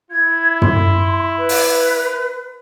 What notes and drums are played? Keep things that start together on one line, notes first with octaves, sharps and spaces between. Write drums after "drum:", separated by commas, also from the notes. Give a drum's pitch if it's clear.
E4 G#6
C6, drum: tom
B4
drum: open hi-hat